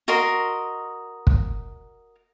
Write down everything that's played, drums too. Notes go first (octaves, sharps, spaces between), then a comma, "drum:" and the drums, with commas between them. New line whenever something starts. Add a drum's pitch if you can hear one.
F#4 A#4 D#5 C6
drum: kick